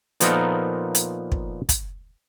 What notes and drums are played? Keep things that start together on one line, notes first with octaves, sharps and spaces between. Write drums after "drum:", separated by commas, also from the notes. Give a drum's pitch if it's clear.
A#2 F3 B3 D#4 A4 A#4, drum: hi-hat
drum: hi-hat
drum: kick
drum: kick, hi-hat